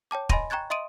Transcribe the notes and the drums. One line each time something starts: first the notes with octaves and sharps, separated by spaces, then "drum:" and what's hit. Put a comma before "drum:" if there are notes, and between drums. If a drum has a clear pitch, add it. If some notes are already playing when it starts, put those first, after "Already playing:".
C#5 G5 A5 D6
D#5 G#5 B5 C6 A#6 D#7, drum: kick
G5 A#5 C#6 F#6 G#6 A6
D#5 E5 C6 D#6 D7 D#7